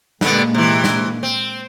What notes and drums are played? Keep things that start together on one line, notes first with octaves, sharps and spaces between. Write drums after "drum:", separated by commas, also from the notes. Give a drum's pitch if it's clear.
G2 A#2 D3 G#3 A#3 B3, drum: snare
C3 E3
drum: snare
C4